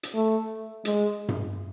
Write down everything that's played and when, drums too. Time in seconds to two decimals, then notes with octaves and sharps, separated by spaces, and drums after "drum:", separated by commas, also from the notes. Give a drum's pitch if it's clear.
0.03 drum: hi-hat
0.15 A3
0.85 G#3, drum: hi-hat
1.29 drum: tom G2